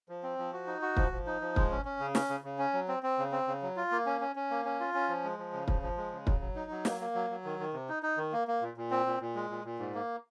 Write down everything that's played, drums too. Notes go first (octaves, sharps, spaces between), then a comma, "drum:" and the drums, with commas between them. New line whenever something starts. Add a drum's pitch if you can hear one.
F3
C4
F3
F#4
D#4
F#4
F3, drum: kick
F3
D#4
F3
G#3, drum: kick
C#4
C#4
C#3
C#4, drum: snare
C#3
C#3
C#4
F#3
C4
C4
C#3
C4
C#3
F#3
F4
A#3
C#4
C#4
C#4
A#3
C#4
F4
C#4
F3
G#3
F3
C#3
F3, drum: kick
F3
G#3
C#3
F#3, drum: kick
F#3
D#4
F#3
A#3, drum: snare
A#3
F#3
F#3
D#3
D#3
C3
D#4
D#4
D#3
A#3
A#3
A#2
A#2
C4
A#2
A#2
G#3
A#2
A#2
G#2
A#3